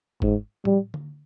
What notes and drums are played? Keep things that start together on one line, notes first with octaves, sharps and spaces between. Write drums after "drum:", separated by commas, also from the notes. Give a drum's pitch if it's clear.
G#2, drum: kick F#1
G3, drum: tom A2
drum: tom D3